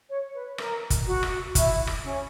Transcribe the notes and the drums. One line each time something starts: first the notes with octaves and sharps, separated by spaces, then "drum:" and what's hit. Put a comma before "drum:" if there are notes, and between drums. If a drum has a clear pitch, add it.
C#5
B4
A#4, drum: rim click
drum: kick F#1, hi-hat
F#4
drum: rim click
E4, drum: kick F#1, hi-hat
drum: rim click
C#4